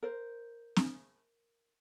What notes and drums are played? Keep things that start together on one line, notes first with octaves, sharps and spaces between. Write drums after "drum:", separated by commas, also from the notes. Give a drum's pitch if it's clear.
A#4 C5
drum: snare C4